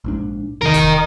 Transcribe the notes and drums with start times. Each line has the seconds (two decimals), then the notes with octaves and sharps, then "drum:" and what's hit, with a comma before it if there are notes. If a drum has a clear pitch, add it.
0.04 A#1 G#2 D4
0.62 E2 C3 D#3 A#4 D#5
0.74 drum: snare D#1